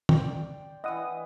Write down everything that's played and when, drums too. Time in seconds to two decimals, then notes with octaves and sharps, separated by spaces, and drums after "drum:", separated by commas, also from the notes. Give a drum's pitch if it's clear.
0.09 D5 G5 C6, drum: tom
0.84 E3 E4 D#5 F#5 D#6